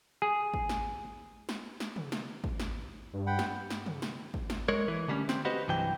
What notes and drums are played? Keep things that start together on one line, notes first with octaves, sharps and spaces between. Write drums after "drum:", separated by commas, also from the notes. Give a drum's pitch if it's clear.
G#4
drum: kick
drum: snare
drum: snare
drum: snare
drum: tom
drum: snare
drum: kick
drum: snare
G2
F#5 G5 B5
drum: snare
drum: snare
drum: tom
drum: snare
drum: kick
drum: snare
G#3 A#4 C#5
E3
D3 G3 A3 C#4
C4, drum: snare
F#4 G4 B4 C5 D#5
C2 G2 E3 F#3 G5